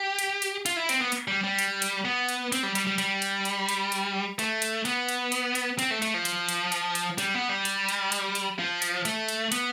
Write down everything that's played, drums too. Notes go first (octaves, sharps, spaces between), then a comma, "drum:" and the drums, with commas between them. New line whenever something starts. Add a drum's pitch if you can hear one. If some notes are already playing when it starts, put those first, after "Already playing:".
Already playing: G4
drum: hi-hat
drum: hi-hat
F4, drum: hi-hat
E4
C4, drum: hi-hat
B3
drum: hi-hat
G3
G3
drum: hi-hat
drum: hi-hat
B3
drum: hi-hat
C4, drum: hi-hat
G3
G3, drum: hi-hat
G3
G3, drum: hi-hat
drum: hi-hat
drum: hi-hat
drum: hi-hat
drum: hi-hat
A3, drum: hi-hat
drum: hi-hat
B3, drum: hi-hat
drum: hi-hat
drum: hi-hat
drum: hi-hat
C4, drum: hi-hat
A3
A3, drum: hi-hat
F3
drum: hi-hat
drum: hi-hat
drum: hi-hat
drum: hi-hat
G3, drum: hi-hat
B3
G3
drum: hi-hat
drum: hi-hat
drum: hi-hat
drum: hi-hat
F3
drum: hi-hat
A3, drum: hi-hat
drum: hi-hat
B3, drum: hi-hat